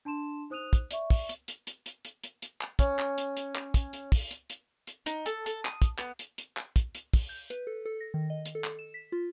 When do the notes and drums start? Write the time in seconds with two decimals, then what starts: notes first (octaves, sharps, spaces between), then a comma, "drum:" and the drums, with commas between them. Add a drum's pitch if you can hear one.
0.05 D4 A5 C6 E7
0.50 D#4 C5 D#6 F#6 D#7 F7
0.73 drum: kick, hi-hat
0.91 D5 E5 C#6, drum: hi-hat
1.10 drum: kick, open hi-hat
1.29 drum: hi-hat
1.48 drum: hi-hat
1.67 drum: hi-hat
1.86 drum: hi-hat
2.05 drum: hi-hat
2.24 drum: hi-hat
2.42 drum: hi-hat
2.61 drum: clap
2.79 C#4, drum: kick, hi-hat
2.99 drum: clap
3.18 drum: hi-hat
3.37 drum: hi-hat
3.55 drum: clap
3.74 drum: kick, hi-hat
3.93 drum: hi-hat
4.12 drum: kick, open hi-hat
4.31 drum: hi-hat
4.50 drum: hi-hat
4.87 drum: hi-hat
5.06 D#4, drum: hi-hat
5.26 A4, drum: hi-hat
5.46 A4, drum: hi-hat
5.65 D#6, drum: clap
5.82 drum: kick, hi-hat
5.98 B3, drum: clap
6.19 drum: hi-hat
6.38 drum: hi-hat
6.57 drum: clap
6.76 drum: kick, hi-hat
6.95 drum: hi-hat
7.14 drum: kick, open hi-hat
7.29 G6
7.50 B4, drum: hi-hat
7.67 A4
7.86 A4
8.01 A#6
8.14 D#3
8.30 D#5
8.45 drum: hi-hat
8.55 A4
8.64 drum: clap
8.79 E7
8.94 B6
9.12 F4